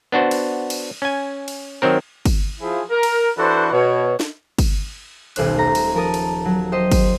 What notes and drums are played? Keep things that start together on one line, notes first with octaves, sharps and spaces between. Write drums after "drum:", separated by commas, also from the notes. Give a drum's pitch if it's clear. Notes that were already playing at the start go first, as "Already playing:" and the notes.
B3 D4 F#4 C5
drum: cymbal
drum: cymbal
C#4 G#5
drum: cymbal
D#3 F#3 C4 A#4
drum: kick G1, cymbal
F3 E4 G#4
A#4
drum: cymbal
E3 D4 F#4 A4 B4 C5
B2 C#5
drum: snare
drum: kick G1, cymbal
D#1 B1 C5 F#6, drum: cymbal
A3 A#5
drum: cymbal
F3 A#4 A5 D#6
drum: cymbal
F#3
G4 C5 D#5 C6
drum: kick G1, cymbal